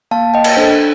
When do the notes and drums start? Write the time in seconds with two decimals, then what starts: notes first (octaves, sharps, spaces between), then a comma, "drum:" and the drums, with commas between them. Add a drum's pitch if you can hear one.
0.11 A#3 F5 A5
0.34 D#5 G5
0.44 drum: cymbal
0.57 D4 A4 C5